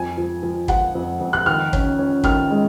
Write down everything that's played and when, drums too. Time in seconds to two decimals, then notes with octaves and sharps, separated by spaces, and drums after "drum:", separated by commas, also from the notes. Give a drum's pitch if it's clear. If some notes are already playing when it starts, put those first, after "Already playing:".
Already playing: F2 G#5
0.18 F3
0.43 F3
0.68 F4 F#5, drum: kick
0.95 F2
1.21 F2
1.33 F#6
1.46 D#3 F6
1.73 C#4, drum: kick
1.99 C#4
2.23 D#3 F6, drum: kick
2.50 G#3